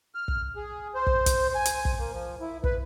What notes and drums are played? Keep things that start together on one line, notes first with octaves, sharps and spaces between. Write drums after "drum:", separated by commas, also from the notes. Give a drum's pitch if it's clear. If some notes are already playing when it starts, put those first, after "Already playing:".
F6
drum: kick
G#4
C5
drum: kick
drum: kick, hi-hat
G#5
drum: hi-hat
drum: kick
A#3
F3
E4
B4, drum: kick